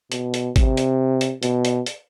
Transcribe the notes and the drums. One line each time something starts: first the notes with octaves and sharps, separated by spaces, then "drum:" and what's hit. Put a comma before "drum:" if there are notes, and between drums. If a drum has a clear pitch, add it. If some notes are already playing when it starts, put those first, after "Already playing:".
B2, drum: hi-hat
drum: hi-hat
C3, drum: kick G#1, hi-hat
drum: hi-hat
drum: hi-hat
B2, drum: hi-hat
drum: hi-hat
drum: hi-hat